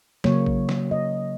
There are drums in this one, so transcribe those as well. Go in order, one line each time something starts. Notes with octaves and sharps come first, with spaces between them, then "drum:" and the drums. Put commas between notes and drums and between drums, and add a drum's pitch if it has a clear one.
C#3 F#3 A#3 C#5, drum: snare
drum: kick A1
drum: snare
D#5